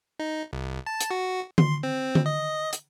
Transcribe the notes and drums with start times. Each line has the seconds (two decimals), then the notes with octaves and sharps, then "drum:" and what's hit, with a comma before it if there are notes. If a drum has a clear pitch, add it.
0.19 D#4
0.53 C2
0.86 A5
1.00 drum: hi-hat
1.11 F#4
1.58 C6, drum: tom D3
1.83 C4
2.15 drum: tom D3
2.26 D#5
2.73 drum: hi-hat